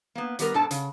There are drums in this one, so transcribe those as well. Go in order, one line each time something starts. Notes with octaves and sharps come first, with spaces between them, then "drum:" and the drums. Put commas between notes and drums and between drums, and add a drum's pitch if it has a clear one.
A#3 B3
D#3 G3 B3 A#4, drum: hi-hat
G#2 B2 D4 A4 A5
C#3, drum: hi-hat